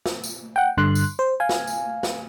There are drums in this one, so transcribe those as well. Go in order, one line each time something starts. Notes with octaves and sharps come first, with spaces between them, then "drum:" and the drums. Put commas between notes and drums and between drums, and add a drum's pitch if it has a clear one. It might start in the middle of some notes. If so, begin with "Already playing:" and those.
drum: snare
drum: tambourine
F#5 G5
G2 D3 C6 F#6
drum: tambourine
C5
F5 G#5
drum: snare
drum: tambourine
drum: snare